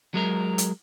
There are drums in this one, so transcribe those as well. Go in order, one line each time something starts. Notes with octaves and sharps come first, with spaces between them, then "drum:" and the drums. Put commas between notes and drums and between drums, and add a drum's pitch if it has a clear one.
F#3 G#3 A#4
drum: hi-hat